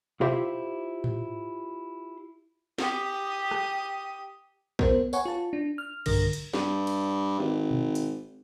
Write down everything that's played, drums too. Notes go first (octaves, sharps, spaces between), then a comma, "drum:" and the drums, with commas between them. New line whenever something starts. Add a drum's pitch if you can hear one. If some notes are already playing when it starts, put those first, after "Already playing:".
E4 F4 G4 C5 E5, drum: tom B2
drum: tom A2
G4 D#6, drum: snare
drum: rim click
B3 A#4 C5, drum: kick
B4 C#5 F#5 G#5 C#6, drum: tambourine
F4 A5
D4
F6
B1 G2 D3 A#4 A#6, drum: cymbal
drum: hi-hat
G2, drum: snare
drum: cymbal
G#1
drum: tom B2
drum: hi-hat